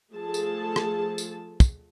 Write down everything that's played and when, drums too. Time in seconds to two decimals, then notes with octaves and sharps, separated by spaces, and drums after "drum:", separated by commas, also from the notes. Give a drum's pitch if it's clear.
0.13 F3 A3 G#4 A4 A5
0.34 drum: tambourine
0.76 drum: rim click
1.18 drum: tambourine
1.60 drum: kick, tambourine